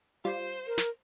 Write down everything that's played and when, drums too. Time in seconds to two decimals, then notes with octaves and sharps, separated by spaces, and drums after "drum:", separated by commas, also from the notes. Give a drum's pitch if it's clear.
0.25 G3 F4 C5
0.67 A#4
0.78 drum: snare